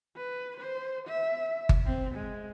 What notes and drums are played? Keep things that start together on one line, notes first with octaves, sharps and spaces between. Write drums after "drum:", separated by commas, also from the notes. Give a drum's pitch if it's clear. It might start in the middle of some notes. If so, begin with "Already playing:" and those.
B4
C5
E5
drum: kick G1
C4
G#3